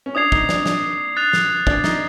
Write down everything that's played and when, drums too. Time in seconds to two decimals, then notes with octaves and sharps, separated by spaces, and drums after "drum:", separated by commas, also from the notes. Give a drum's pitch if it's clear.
0.06 C#4
0.15 D4 D#6 G#6 C7 F7
0.32 D#4, drum: kick
0.49 D4, drum: snare
0.66 D4, drum: snare
1.16 F#6 A6 C7 F7
1.33 drum: snare
1.67 D4, drum: kick
1.84 D#4, drum: snare